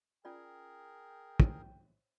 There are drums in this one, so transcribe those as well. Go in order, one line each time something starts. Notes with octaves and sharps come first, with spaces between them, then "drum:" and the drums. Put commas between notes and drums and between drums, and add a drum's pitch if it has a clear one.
C#4 F4 G#4 A#4 D5 G5
drum: kick